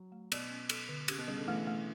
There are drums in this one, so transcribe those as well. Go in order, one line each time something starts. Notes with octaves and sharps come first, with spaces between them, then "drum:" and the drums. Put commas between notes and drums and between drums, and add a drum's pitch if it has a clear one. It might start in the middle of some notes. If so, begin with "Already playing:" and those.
Already playing: F#3
A3
B2 D5, drum: cymbal
C#4
A4, drum: cymbal
D3
C#3 G4, drum: cymbal
B2
C#3 G3
D3
E3 A3
A3